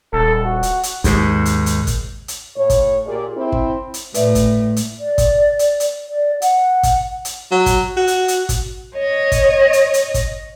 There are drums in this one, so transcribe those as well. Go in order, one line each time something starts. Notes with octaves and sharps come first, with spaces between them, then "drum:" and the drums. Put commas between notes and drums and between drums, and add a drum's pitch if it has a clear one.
D#1 A4
F#4
drum: hi-hat
drum: hi-hat
D#2 G#2, drum: kick, hi-hat
drum: hi-hat
drum: hi-hat
drum: kick, hi-hat
drum: hi-hat
A2 C#5
drum: kick, hi-hat
A#2 G4 G#4 D5
C4 E4
drum: kick
drum: hi-hat
A2 B4 D5 E5, drum: hi-hat
drum: kick, hi-hat
drum: hi-hat
D5
drum: kick, hi-hat
drum: hi-hat
drum: hi-hat
D5
F#5, drum: hi-hat
drum: kick, hi-hat
drum: hi-hat
F#3
drum: kick, hi-hat
F#4
drum: hi-hat
drum: hi-hat
drum: kick, hi-hat
C#5 D#5
drum: kick, hi-hat
drum: hi-hat
drum: hi-hat
drum: kick, hi-hat